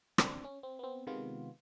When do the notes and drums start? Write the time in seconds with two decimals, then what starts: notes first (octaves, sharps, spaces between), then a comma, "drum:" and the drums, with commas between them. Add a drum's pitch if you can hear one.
0.18 C4 D4, drum: rim click
0.44 C#4
0.63 C4
0.79 B3 C4
1.07 C3 D#3 G#3 B3 F4